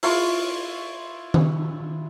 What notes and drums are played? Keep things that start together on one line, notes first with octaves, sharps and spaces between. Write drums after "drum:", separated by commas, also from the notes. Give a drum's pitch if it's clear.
E4 F4 C6 C#6, drum: open hi-hat
drum: tom D#3